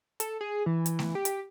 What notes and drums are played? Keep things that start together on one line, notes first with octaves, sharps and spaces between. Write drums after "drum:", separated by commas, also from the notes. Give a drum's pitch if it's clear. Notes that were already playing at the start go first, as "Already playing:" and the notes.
A4, drum: hi-hat
G#4
E3
drum: hi-hat
drum: snare A3
G4
drum: hi-hat